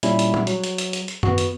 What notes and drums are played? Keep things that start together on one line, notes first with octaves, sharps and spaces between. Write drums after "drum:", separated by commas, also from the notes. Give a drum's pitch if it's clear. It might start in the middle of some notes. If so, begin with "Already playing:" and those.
A#2 G3 C#4 E4, drum: hi-hat
drum: hi-hat
drum: tom
F#3, drum: hi-hat
drum: hi-hat
drum: hi-hat
drum: hi-hat
drum: hi-hat
B3 F#4, drum: tom F#2
drum: hi-hat